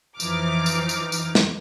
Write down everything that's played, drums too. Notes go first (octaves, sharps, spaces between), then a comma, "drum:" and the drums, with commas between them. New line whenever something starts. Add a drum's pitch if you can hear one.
F2 E3 F3 D#4 D6 F6, drum: tambourine
drum: tambourine
drum: tambourine
drum: tambourine
drum: snare